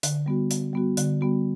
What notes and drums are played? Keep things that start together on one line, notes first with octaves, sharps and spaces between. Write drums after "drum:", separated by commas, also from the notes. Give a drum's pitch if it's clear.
D3, drum: hi-hat
G3 B3 F#4
D3, drum: hi-hat
G3 B3 F#4
D3, drum: hi-hat
G3 B3 F#4